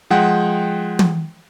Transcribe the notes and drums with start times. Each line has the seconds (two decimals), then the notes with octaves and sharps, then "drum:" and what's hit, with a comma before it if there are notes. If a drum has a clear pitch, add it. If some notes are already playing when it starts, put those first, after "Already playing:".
0.10 F3 G#3 F#5 G5
0.99 drum: tom